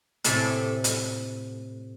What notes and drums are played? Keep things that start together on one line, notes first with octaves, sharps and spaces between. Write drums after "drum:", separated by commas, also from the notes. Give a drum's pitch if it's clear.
A2 C3 A4 G#5 B5 C6, drum: hi-hat
drum: hi-hat